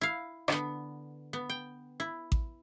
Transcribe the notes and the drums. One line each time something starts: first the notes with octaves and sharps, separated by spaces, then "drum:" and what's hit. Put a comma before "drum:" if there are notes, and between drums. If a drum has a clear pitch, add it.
E4 F5
D3 B3, drum: rim click
B3
G5
E4
drum: kick A1